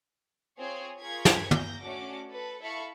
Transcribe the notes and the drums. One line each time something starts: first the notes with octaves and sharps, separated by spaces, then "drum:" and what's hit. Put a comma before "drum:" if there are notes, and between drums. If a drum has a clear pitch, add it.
C4 F4 G#4 C#5
F4 G#4 A#4 C#6 G#6 B6
drum: snare
A#3 G6 A#6, drum: tom
A3 C#4 D4 F#4 D6
A4 B4
E4 A4 E5 F5 B5 C#6